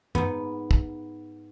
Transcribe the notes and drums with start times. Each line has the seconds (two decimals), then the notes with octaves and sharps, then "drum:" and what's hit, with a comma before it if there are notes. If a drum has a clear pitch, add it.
0.15 G#2 B3, drum: tom F#2
0.71 drum: kick